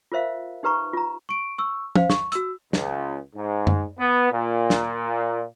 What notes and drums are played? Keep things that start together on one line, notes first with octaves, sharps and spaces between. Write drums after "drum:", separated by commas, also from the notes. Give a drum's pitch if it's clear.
F4 A#4 C5 E5 F5
D#4 G4 B4 A#5 C#6
F4 A#5
C#6 D7
C#6 E6
C5 F5, drum: tom F3
C#6, drum: snare
F#4 E6, drum: hi-hat
C#2, drum: snare
G#2
drum: tom F#2
B3
A#2
drum: snare